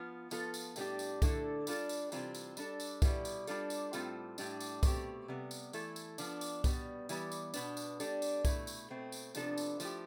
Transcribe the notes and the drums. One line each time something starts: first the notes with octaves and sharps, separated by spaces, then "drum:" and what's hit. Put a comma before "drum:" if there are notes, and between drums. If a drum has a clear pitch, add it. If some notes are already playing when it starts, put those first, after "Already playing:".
Already playing: F3 B3 F4
F3 B3 F4 A4, drum: tambourine
drum: tambourine
A2 G3 B3 D4 G4, drum: tambourine
drum: tambourine
D3 A3 E4 A4, drum: kick C2, tambourine
G3 D4 F4 A4, drum: tambourine
drum: tambourine
C3 E3 G3 C4 F4, drum: tambourine
drum: tambourine
G3 D4 A4, drum: tambourine
drum: tambourine
B2 G3 B3 E4, drum: kick C2, tambourine
drum: tambourine
G3 D4 F4 A4, drum: tambourine
drum: tambourine
A2 G3 C4 F4 A4, drum: tambourine
A2 G3 D4, drum: tambourine
drum: tambourine
B2 A3 C4 G4, drum: kick C2, tambourine
C3 G3 B3
drum: tambourine
E3 A3 E4 A4, drum: tambourine
drum: tambourine
F3 B3 D4, drum: tambourine
drum: tambourine
B2 G3 B3, drum: kick C2, tambourine
E3 G3 B3, drum: tambourine
drum: tambourine
B2 B3 D4, drum: tambourine
drum: tambourine
G3 D4 A4, drum: tambourine
drum: tambourine
B2 A3 E4, drum: kick C2, tambourine
drum: tambourine
B2 A3 C4
drum: tambourine
C3 F3 B3 D4 A4, drum: tambourine
drum: tambourine
F3 A3 E4 G4, drum: tambourine